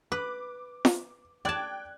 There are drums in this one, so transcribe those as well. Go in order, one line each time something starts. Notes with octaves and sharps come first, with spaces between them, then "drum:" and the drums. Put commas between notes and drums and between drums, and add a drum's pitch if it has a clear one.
B4 D6
drum: snare
D5 G5 A5 F#6 G#6